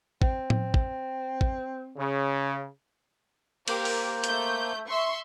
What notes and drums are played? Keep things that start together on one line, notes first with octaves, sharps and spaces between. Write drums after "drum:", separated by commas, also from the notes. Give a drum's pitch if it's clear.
C4, drum: kick A1
drum: tom A2
drum: kick A1
drum: kick A1
C#3
A#3 G4 A#4 C5, drum: cymbal
drum: open hi-hat
A3 G6, drum: hi-hat
E5 C6 C#6